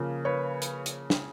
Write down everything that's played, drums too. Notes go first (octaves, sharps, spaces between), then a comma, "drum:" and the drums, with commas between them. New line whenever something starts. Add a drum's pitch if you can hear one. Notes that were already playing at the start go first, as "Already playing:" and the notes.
Already playing: C#3 F3 A#3
B4 C#5
drum: hi-hat
drum: hi-hat
drum: snare